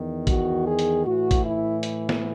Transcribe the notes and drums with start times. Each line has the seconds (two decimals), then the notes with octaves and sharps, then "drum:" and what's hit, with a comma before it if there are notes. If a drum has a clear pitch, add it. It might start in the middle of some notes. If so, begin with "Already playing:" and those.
Already playing: E2 D#3
0.27 F#4, drum: kick, hi-hat
0.66 G#4
0.79 drum: hi-hat
1.05 A2 E3 F#4
1.31 drum: kick, hi-hat
1.43 E4
1.83 drum: hi-hat
2.09 drum: snare